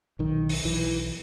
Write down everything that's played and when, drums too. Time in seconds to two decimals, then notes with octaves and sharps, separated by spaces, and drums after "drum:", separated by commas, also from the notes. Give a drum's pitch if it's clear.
0.19 B1 D#3
0.49 drum: open hi-hat
0.64 B1 E3